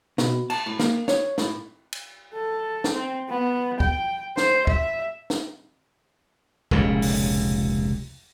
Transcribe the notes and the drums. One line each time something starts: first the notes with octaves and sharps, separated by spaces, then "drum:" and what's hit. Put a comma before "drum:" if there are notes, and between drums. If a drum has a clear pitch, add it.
B2, drum: snare
A5, drum: cymbal
A2
A#3, drum: snare
C#5, drum: snare
A2, drum: snare
drum: cymbal
A4
drum: snare
C4
B3
G5, drum: kick
C5, drum: snare
E5, drum: kick
drum: snare
F1 C#2 A#2, drum: kick
drum: open hi-hat